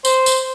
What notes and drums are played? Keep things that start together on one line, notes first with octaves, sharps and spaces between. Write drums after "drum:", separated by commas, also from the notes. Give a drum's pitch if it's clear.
C5, drum: tambourine
drum: tambourine